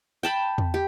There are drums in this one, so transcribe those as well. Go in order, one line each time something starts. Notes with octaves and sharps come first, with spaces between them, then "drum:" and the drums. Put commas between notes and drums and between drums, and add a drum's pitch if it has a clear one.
G5 A5 B5
drum: tom E2
G4